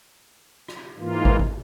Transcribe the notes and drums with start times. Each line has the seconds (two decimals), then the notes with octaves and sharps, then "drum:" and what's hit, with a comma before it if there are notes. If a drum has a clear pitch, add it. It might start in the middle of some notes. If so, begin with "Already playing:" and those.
0.68 drum: rim click
0.97 G#2 E3 A#3 F4
1.25 drum: kick
1.39 drum: kick